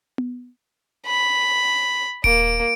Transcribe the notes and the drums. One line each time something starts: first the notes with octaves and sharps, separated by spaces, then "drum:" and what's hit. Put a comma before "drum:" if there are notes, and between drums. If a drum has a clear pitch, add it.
drum: tom B3
B5
A#3 D7, drum: kick D#1